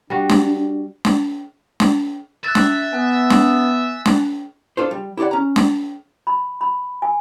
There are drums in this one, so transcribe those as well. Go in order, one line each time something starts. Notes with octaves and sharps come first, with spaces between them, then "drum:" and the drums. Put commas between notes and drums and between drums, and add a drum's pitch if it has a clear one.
G3 D4 F#4
drum: snare
drum: snare
drum: snare
E5 F#6 A6
drum: snare
B3 G#5 F#6
drum: snare
drum: snare
D4 F4 A4 C5
G3
E4 G4 C#5 D5 F#5
C#4 A#5
drum: snare
B5
B5
G#5